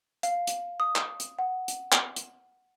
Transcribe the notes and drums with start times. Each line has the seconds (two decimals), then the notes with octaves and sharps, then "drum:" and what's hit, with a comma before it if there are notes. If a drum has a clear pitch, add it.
0.23 F5, drum: hi-hat
0.47 drum: hi-hat
0.80 D#6
0.96 drum: clap
1.20 drum: hi-hat
1.39 F#5
1.68 drum: hi-hat
1.92 drum: clap
2.16 drum: hi-hat